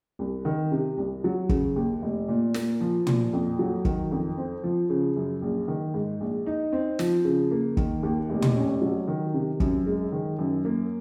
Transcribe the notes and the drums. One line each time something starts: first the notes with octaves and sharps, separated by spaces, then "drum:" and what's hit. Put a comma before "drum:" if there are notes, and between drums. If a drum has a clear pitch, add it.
C2
D#3
C3
C2
F#3
C#3, drum: kick
D#2
F1
A#2
A#3, drum: snare
F3
A#2, drum: tom
F2
F#3
D#3, drum: kick
F2
C4
F3
C#3
F#2
A#1
D#3
G#2
A#1
D#4
C4
F3, drum: snare
C#3
A#3
D#3, drum: kick
D#2
F1
drum: tom
C#4
F#3
D#3
C3
F#2, drum: kick
G#3
D#3
F#2
A#3